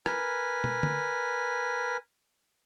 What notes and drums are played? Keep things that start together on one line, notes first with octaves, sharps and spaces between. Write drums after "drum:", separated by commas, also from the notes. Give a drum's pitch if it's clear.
A#4 B4 G#5, drum: rim click
drum: tom
drum: tom